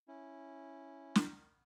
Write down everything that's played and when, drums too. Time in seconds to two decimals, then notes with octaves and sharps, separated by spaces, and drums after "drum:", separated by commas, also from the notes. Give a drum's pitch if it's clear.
0.08 C#4 E4
1.15 drum: snare